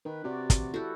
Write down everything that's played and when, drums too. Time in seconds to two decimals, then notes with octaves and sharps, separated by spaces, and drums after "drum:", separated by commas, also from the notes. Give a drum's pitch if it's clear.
0.05 D#3 B4
0.24 C3 F#4 D5
0.50 drum: kick, hi-hat
0.74 E4 F#4 G4 A4